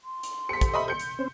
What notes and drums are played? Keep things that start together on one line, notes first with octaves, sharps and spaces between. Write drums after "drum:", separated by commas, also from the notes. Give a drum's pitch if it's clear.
C6
drum: hi-hat
G4 A4 C5 B6 C#7
drum: kick, hi-hat
D#5 E5 B5
G6 C#7
drum: hi-hat
C4 C#4 C5